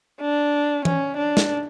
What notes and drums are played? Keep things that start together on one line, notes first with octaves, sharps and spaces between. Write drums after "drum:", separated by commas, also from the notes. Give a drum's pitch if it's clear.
D4
C#4, drum: tom E3
D4
drum: snare